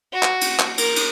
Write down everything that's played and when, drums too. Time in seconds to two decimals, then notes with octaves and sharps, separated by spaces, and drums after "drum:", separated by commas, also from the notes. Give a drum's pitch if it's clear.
0.13 F#4
0.23 drum: clap
0.41 drum: cymbal
0.59 drum: clap
0.78 A#4, drum: cymbal
0.96 drum: cymbal